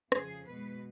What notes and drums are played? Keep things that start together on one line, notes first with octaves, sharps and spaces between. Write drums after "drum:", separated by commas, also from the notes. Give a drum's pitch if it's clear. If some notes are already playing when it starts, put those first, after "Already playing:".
F2 C#3 F3 G#4, drum: rim click
B2 G#3 B4